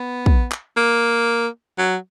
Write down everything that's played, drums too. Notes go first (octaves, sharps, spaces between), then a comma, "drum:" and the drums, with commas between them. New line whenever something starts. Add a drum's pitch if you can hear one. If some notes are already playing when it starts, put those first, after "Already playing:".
Already playing: B3
drum: kick
drum: clap
A#3
F#3